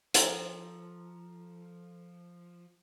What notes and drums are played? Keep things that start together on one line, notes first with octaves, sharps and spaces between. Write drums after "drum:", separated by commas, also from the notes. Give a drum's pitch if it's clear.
F3 A4 A#5 C6, drum: hi-hat